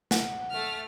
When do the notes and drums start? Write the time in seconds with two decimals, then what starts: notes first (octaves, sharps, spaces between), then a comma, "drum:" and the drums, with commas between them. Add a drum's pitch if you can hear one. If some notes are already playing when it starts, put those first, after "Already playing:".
0.11 F#5, drum: snare
0.51 A3 F6